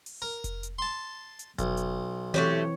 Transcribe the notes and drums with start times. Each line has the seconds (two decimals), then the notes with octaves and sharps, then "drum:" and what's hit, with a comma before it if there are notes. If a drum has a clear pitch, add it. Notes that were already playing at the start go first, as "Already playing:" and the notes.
0.06 drum: open hi-hat
0.22 A#4
0.44 drum: kick F1, hi-hat
0.63 drum: hi-hat
0.79 A5 C6
1.39 drum: hi-hat
1.59 B1, drum: kick F1, hi-hat
1.77 drum: hi-hat
2.34 E3 A3 C4 F#4 G4 C#5